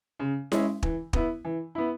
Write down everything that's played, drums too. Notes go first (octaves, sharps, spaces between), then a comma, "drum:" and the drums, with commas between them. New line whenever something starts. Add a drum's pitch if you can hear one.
C#3
G#3 C#4 E4, drum: snare E4
E3, drum: kick
B3 E4, drum: kick
E3
B3 E4